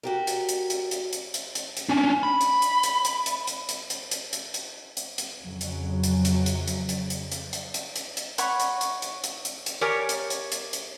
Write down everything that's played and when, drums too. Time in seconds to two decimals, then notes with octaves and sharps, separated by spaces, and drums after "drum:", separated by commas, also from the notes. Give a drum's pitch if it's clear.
0.03 F#4 G4 A#4
0.27 drum: hi-hat
0.49 drum: hi-hat
0.70 drum: hi-hat
0.91 drum: hi-hat
1.13 drum: hi-hat
1.34 drum: hi-hat
1.55 drum: hi-hat
1.77 drum: hi-hat
1.89 C#4 D4
2.23 B5
2.41 drum: hi-hat
2.62 drum: hi-hat
2.83 drum: hi-hat
3.05 drum: hi-hat
3.26 drum: hi-hat
3.47 drum: hi-hat
3.69 drum: hi-hat
3.90 drum: hi-hat
4.11 drum: hi-hat
4.33 drum: hi-hat
4.54 drum: hi-hat
4.97 drum: hi-hat
5.18 drum: hi-hat
5.43 F2 C#3 F#3
5.61 drum: hi-hat
6.03 drum: hi-hat
6.25 drum: hi-hat
6.46 drum: hi-hat
6.68 drum: hi-hat
6.89 drum: hi-hat
7.10 drum: hi-hat
7.32 drum: hi-hat
7.53 drum: hi-hat
7.74 drum: hi-hat
7.96 drum: hi-hat
8.17 drum: hi-hat
8.38 C#5 F#5 B5 C#6, drum: hi-hat
8.60 drum: hi-hat
8.81 drum: hi-hat
9.02 drum: hi-hat
9.24 drum: hi-hat
9.45 drum: hi-hat
9.66 drum: hi-hat
9.81 G4 A#4 C#5 D5 G#5
10.09 drum: hi-hat
10.30 drum: hi-hat
10.52 drum: hi-hat
10.73 drum: hi-hat